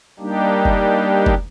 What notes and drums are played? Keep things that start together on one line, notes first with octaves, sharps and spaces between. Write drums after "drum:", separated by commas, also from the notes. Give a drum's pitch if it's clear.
G3 A#3 D4 D#4 G4
drum: kick F#1
drum: kick F#1